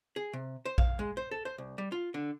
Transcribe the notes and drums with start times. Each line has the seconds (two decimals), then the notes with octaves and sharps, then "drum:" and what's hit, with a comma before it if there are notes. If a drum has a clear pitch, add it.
0.16 G#4
0.33 C3
0.65 C5
0.78 F5, drum: kick A#1
0.99 G#3
1.17 C5
1.31 A4
1.45 C5
1.58 C2
1.78 G3
1.92 F4
2.14 D3